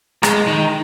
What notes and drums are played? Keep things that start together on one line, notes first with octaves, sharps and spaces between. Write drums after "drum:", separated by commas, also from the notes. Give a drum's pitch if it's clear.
G#3, drum: rim click
D#3